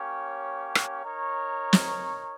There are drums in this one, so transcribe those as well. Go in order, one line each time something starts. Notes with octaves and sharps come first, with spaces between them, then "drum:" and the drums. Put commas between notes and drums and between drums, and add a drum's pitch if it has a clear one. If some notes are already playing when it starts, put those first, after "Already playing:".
Already playing: A#3 C#4 G4 C#5
drum: rim click
D#4 A#4 C#5
drum: snare